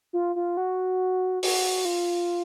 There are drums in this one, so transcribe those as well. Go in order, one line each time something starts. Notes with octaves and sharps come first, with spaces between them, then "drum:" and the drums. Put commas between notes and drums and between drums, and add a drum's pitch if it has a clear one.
F4
F4
F#4
F#4, drum: open hi-hat
F4